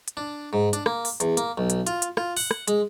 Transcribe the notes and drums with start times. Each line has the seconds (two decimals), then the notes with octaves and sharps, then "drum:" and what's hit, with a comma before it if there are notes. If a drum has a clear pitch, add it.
0.08 drum: hi-hat
0.17 D4
0.53 G#2
0.73 D4, drum: hi-hat
0.86 A#3, drum: rim click
1.05 drum: open hi-hat
1.20 E2, drum: hi-hat
1.37 A#3, drum: hi-hat
1.58 B1
1.70 drum: hi-hat
1.87 F4, drum: hi-hat
2.02 drum: hi-hat
2.17 F4, drum: rim click
2.37 F#5, drum: open hi-hat
2.51 drum: rim click
2.68 G#3, drum: hi-hat